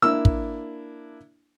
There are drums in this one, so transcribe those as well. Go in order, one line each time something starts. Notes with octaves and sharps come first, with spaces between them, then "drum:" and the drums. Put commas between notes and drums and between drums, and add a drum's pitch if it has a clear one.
A#3 D4 E4 E6
drum: kick